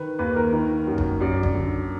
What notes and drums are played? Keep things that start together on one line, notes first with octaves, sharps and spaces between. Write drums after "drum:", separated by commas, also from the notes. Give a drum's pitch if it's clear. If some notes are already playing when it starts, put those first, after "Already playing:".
Already playing: D#3 B4
D#2 B4
A#4
D#3
F#2
drum: kick
F#2 D5
drum: kick
D3